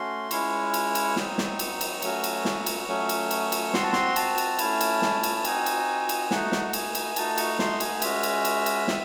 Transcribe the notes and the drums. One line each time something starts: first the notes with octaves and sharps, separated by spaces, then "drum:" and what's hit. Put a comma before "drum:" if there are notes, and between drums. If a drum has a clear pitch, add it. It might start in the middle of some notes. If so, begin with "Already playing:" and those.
Already playing: A3 C#4 F#4 C6
G#3 C#4 E4 C#6, drum: cymbal
drum: cymbal
drum: cymbal
F#3 C4 D#4, drum: snare
drum: snare
drum: cymbal
drum: cymbal
F#3 A3 C#4 F#4, drum: cymbal
drum: cymbal
drum: snare
drum: cymbal
F#3 A3 C#4
drum: cymbal
drum: cymbal
drum: cymbal
C4 F#4 C6, drum: snare
A5
C6, drum: snare
A5, drum: cymbal
drum: cymbal
A3 C#4 E4, drum: cymbal
drum: cymbal
drum: snare
drum: cymbal
A5
C4 D#4 F#4 G#5, drum: cymbal
drum: cymbal
drum: cymbal
A3 D#4 F#4 F#5, drum: snare
drum: snare
F#5
G#5, drum: cymbal
drum: cymbal
A3 D#4 F#4 A5, drum: cymbal
C#6, drum: cymbal
C6, drum: snare
G#5, drum: cymbal
G#3 C#4 F#4 E5, drum: cymbal
drum: cymbal
drum: cymbal
drum: cymbal
C4, drum: snare